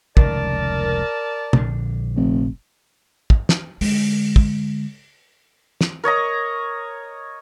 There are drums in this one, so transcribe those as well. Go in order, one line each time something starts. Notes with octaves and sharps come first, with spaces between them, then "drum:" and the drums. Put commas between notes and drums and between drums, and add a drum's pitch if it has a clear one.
F1 C#2 D#3 A#4 D5 A5, drum: kick
A#1 D3, drum: tom
F1
drum: kick
drum: snare
D3 G#3, drum: open hi-hat
drum: kick
drum: snare
A#4 C#5 D#5 A#5